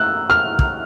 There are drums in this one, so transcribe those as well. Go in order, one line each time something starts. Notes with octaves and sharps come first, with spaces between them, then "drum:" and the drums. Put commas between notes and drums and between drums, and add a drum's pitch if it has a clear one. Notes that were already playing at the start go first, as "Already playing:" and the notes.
Already playing: E6 F#6
F6
drum: kick